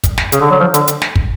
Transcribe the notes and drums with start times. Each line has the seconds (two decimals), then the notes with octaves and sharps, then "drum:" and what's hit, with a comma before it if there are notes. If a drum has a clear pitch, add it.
0.04 drum: kick, hi-hat
0.18 drum: snare
0.32 C#3, drum: hi-hat
0.41 D3
0.51 F#3
0.60 F3
0.74 D3, drum: hi-hat
0.88 drum: hi-hat
1.02 drum: snare
1.16 drum: kick